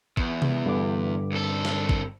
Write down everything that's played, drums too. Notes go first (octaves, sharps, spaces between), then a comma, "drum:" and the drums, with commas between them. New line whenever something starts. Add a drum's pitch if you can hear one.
E2, drum: kick
drum: tom C3
G2 D3 D6
C2 A4
drum: snare
drum: kick